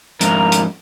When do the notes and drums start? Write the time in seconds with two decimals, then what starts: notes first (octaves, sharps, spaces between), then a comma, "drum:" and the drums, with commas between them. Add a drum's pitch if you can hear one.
0.21 F2 G#2 A#3 E4 A#4 A#5, drum: hi-hat
0.52 drum: hi-hat